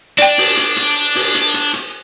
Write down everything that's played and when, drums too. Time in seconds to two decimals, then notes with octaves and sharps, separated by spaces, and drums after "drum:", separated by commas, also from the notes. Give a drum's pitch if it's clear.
0.18 D4 D5 G5, drum: hi-hat
0.38 drum: open hi-hat
0.57 drum: hi-hat
0.76 drum: hi-hat
1.15 drum: open hi-hat
1.35 drum: hi-hat
1.54 drum: hi-hat
1.73 drum: hi-hat